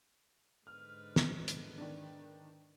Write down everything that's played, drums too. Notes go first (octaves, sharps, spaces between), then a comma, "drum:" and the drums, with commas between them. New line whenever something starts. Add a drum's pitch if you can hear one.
G#2 D3 B4 F6
drum: snare
drum: hi-hat
D#3 D4